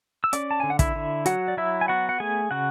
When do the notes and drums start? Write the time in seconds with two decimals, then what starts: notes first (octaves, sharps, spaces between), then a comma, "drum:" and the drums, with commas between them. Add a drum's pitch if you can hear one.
0.24 E6
0.33 C#4 D5 D6, drum: hi-hat
0.51 A5
0.60 D3 G#5
0.70 F#5
0.79 E4 E5, drum: kick, hi-hat
0.96 D3
1.26 F#3 F#4 F#5, drum: hi-hat
1.48 D5
1.57 F#3 E4 E5
1.81 G#5
1.88 B3 F#4 F#5
2.09 F#5
2.20 A3 G#4 G#5
2.51 C#3 F#4 F#5